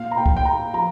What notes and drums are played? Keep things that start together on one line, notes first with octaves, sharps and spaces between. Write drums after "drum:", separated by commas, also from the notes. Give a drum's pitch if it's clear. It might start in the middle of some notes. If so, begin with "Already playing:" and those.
Already playing: A#2 F5
A#5
A#2 G5
drum: kick
G5
A#2 A#5
F3 A#5